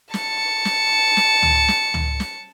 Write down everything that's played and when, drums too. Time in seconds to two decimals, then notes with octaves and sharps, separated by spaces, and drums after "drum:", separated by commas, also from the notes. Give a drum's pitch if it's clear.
0.14 A5 C#7, drum: snare
0.65 drum: snare
1.17 drum: snare
1.43 drum: tom C#2
1.68 drum: snare
1.94 drum: tom C#2
2.20 drum: snare